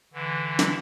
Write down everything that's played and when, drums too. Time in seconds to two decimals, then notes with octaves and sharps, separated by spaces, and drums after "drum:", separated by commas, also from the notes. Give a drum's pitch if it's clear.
0.13 D3 E3
0.59 drum: snare